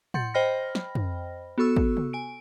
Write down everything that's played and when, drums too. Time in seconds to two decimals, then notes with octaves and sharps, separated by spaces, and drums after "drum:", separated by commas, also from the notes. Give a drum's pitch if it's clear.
0.14 F#5 C6 G6 A6 C#7, drum: tom A2
0.34 C5 D#5 G5 B5 F6 A#6
0.75 drum: snare
0.95 drum: tom
1.58 B3 F#4 A4 C#6 E6
1.77 drum: kick
1.97 drum: tom C3
2.13 G#5 D7